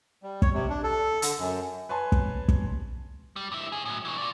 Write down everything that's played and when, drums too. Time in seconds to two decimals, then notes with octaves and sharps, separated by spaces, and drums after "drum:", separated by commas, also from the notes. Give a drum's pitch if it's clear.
0.23 G3
0.42 C#5, drum: kick
0.54 C3
0.70 D4
0.84 A4
1.22 D3, drum: hi-hat
1.39 F#2
1.89 B4 C#5 G#5 A5 C6
2.12 drum: kick
2.48 drum: kick
3.36 G3
3.52 G2 E4
3.72 C#4 G#4
3.85 A2 F#3
4.05 B2 E3
4.18 F4 D5